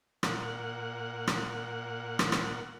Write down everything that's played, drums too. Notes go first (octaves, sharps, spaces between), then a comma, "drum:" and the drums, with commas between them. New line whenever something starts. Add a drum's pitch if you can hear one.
A#2 F#5, drum: rim click
drum: rim click
drum: rim click
drum: rim click